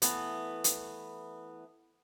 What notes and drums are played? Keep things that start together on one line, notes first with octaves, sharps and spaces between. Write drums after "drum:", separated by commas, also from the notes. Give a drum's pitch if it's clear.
E3 A3 B3, drum: hi-hat
drum: hi-hat